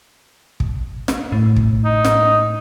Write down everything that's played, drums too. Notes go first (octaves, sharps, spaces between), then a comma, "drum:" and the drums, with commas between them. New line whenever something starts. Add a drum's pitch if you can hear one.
drum: kick
drum: snare
A2
drum: kick
D#4
drum: snare